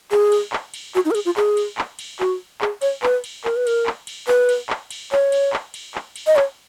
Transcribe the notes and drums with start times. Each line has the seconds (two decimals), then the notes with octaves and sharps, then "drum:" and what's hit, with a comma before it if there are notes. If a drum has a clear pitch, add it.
0.11 G#4, drum: clap
0.32 drum: cymbal
0.53 drum: clap
0.74 drum: cymbal
0.95 F#4, drum: clap
1.05 D#4
1.11 A#4
1.15 G#4, drum: cymbal
1.25 F4
1.37 G#4, drum: clap
1.57 drum: cymbal
1.78 drum: clap
1.99 drum: cymbal
2.20 F#4, drum: clap
2.61 G#4, drum: clap
2.82 C#5, drum: cymbal
3.03 B4, drum: clap
3.24 drum: cymbal
3.44 A#4, drum: clap
3.56 B4
3.67 A#4, drum: cymbal
3.86 drum: clap
4.07 drum: cymbal
4.27 B4, drum: clap
4.49 drum: cymbal
4.70 drum: clap
4.91 drum: cymbal
5.12 C#5, drum: clap
5.32 drum: cymbal
5.53 drum: clap
5.74 drum: cymbal
5.95 drum: clap
6.16 drum: cymbal
6.27 D#5
6.36 C#5, drum: clap